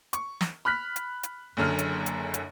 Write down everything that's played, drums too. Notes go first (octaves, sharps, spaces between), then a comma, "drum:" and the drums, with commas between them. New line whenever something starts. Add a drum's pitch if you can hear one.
C#6, drum: hi-hat
drum: snare
B5 F6 F#6 B6
drum: hi-hat
drum: hi-hat
F#1 F#2 D3 F6
drum: hi-hat
drum: hi-hat
drum: hi-hat